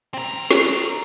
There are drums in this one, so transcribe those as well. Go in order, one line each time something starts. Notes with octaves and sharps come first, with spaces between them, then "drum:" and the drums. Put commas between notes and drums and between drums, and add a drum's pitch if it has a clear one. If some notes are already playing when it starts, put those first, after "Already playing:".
C4 A#4
drum: snare